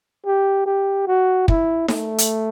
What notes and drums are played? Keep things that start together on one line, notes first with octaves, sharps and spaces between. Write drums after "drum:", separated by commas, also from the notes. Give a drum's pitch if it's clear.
G4
G4
F#4
E4, drum: kick
A3, drum: snare D#4
drum: hi-hat